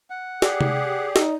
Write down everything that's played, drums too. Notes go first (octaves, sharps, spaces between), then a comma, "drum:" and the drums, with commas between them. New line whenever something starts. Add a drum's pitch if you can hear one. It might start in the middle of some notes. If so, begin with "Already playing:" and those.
F#5
G4 G#4 D5, drum: snare
drum: tom C3
D#4, drum: snare